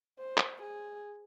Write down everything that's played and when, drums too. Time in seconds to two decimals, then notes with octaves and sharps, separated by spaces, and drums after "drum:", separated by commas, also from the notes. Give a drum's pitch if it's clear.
0.19 C5
0.38 drum: clap
0.62 G#4